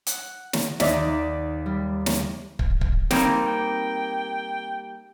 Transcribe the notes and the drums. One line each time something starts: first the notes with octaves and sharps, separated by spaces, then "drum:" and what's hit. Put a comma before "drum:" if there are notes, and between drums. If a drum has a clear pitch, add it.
F#5, drum: hi-hat
drum: snare
D#2 D#4 D5 E5, drum: snare
G3
drum: snare
drum: kick
drum: kick
G3 A#3 C4 D#4, drum: snare
G5